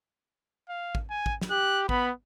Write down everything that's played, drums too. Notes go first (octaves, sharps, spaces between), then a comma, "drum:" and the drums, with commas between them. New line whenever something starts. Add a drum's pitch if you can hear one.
F5
drum: kick
G#5
drum: kick
drum: snare
G4 F#6
B3 B5, drum: kick